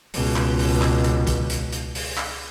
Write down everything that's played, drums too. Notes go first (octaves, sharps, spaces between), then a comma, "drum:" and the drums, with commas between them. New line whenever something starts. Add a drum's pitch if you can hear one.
C#2 B2, drum: open hi-hat
drum: clap
drum: open hi-hat
drum: clap
drum: hi-hat
drum: kick A#1, hi-hat
drum: hi-hat
drum: hi-hat
drum: open hi-hat
drum: clap